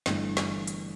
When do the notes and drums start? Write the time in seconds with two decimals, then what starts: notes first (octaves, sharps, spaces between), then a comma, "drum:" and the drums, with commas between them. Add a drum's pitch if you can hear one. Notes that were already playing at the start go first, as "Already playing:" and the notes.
0.06 G1 G2 E3 A3 D4, drum: snare
0.37 drum: snare
0.67 drum: hi-hat